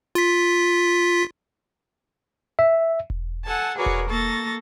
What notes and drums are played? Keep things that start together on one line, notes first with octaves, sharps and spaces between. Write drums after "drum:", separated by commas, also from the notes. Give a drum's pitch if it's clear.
F4 B6, drum: hi-hat
E5
drum: kick E1
A4 F#5 G#5 A5
F#4 G#4 A#4 B4 C#5 D5
drum: kick E1
A#3 A4 C#6 A6 A#6